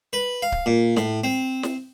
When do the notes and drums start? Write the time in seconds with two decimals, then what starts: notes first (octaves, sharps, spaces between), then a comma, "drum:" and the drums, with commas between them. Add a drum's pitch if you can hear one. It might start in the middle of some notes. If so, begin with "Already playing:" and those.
0.13 B4
0.42 F5
0.52 drum: kick C#1
0.66 A#2
0.97 A2, drum: snare
1.24 C4
1.63 drum: snare